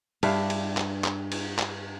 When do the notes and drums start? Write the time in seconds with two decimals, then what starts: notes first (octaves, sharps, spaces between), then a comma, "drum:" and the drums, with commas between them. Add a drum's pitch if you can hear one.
0.23 G2 D4 E5 F5, drum: cymbal
0.50 drum: cymbal
0.77 drum: clap
1.04 drum: clap
1.32 drum: cymbal
1.59 drum: clap